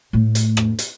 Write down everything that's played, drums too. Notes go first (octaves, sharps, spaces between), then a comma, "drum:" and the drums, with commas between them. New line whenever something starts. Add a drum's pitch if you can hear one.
A2 A3
drum: hi-hat
drum: rim click
drum: hi-hat